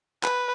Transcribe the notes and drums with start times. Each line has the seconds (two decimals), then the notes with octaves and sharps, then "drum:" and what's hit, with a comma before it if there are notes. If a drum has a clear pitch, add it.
0.23 B4, drum: clap